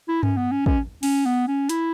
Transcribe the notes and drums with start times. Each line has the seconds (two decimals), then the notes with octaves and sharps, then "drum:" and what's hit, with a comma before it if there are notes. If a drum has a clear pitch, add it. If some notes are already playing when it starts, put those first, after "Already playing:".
0.08 E4
0.23 C#4, drum: tom G2
0.37 B3
0.52 C#4
0.66 C#4, drum: kick
1.03 C#4, drum: open hi-hat
1.26 B3
1.48 C#4
1.69 E4, drum: hi-hat